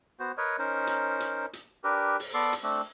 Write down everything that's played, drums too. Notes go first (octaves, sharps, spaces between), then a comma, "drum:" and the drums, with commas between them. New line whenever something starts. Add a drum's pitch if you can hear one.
B3 F#4 C5
A#4 B4 C#5 D#5
C#4 D#4 A#4 C5
drum: hi-hat
drum: hi-hat
drum: hi-hat
D4 G4 A#4 B4
drum: open hi-hat
B3 A4 D5 C6
drum: hi-hat
A3 C4 D4